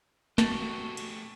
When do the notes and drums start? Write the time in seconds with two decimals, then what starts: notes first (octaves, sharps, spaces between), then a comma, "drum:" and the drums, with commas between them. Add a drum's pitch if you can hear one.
0.38 A3 F#4 G4 A5, drum: snare
0.97 drum: cymbal